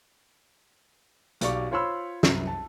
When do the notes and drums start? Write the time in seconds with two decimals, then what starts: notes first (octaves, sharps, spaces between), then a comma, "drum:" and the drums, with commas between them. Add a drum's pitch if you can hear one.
1.41 B1 F#3 G4 D5 F5 C#6, drum: hi-hat
1.71 F4 C5 C#5 B5 C6 E6
2.23 C2 F#2, drum: snare
2.48 A5